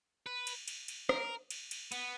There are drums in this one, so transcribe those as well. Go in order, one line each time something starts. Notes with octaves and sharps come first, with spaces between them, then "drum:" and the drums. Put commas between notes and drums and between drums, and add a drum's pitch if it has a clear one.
B4
drum: cymbal
drum: cymbal
drum: cymbal
A#4, drum: rim click
drum: cymbal
drum: cymbal
B3, drum: cymbal